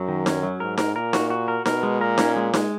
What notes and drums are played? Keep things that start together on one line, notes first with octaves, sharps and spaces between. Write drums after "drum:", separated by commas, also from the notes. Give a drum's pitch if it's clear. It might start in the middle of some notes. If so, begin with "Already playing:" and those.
Already playing: F#2 F#3
D#3
C#4, drum: snare D#4
F#3
G#2 A#4
A#4, drum: snare D#4
A#2 A#4
F#4, drum: snare D#4
F#4
A#4
B2 A#4, drum: snare D#4
G#3
A#2 A#4
C#4, drum: snare D#4
G#3
G#3, drum: snare D#4